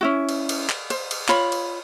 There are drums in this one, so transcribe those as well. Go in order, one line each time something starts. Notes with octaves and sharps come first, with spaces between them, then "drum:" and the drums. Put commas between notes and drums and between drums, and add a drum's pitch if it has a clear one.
C#4 E4 F#4
drum: cymbal
drum: cymbal
drum: clap
C5, drum: cymbal
drum: cymbal
F4 C#5 B5, drum: clap
drum: cymbal